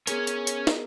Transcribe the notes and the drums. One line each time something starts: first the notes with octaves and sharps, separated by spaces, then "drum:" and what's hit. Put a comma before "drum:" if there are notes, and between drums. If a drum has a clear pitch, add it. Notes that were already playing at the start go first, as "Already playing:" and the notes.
B3 C#4 G#4 A#4 C#5, drum: hi-hat
drum: hi-hat
drum: hi-hat
drum: snare